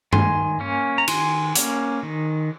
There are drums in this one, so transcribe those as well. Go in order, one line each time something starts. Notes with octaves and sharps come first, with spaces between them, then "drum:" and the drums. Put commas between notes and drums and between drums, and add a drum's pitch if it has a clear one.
D#3 G#5 C6, drum: tom G2
A#3 C#4
A#5
D#3 G#5 C6, drum: cymbal
A#3 C#4, drum: hi-hat
D#3